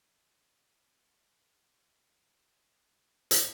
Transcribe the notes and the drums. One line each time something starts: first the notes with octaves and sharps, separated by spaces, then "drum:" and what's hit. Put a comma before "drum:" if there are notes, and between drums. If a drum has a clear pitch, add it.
A#4
G4
G4
G#3
A#3
drum: hi-hat